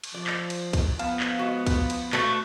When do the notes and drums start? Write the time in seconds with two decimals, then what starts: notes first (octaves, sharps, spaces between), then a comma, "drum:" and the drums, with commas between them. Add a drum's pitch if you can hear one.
0.04 drum: cymbal
0.14 F3 D5
0.27 drum: clap
0.50 drum: cymbal
0.73 drum: kick, cymbal
0.99 F3 B3 F5 A5, drum: cymbal
1.20 drum: clap
1.39 G#3 F#4
1.66 drum: kick, cymbal
1.90 drum: cymbal
2.13 A3 F#4 B4 D5, drum: clap